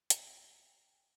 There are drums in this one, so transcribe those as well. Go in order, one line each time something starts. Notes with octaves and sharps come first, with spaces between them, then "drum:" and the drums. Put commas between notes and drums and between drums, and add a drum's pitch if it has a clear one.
F4 G5 A#5, drum: hi-hat
G5 G#5